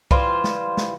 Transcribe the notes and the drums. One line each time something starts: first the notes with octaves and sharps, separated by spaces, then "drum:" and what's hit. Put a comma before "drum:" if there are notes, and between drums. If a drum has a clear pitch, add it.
E3 G3 F4 C5, drum: kick C2
drum: snare
drum: snare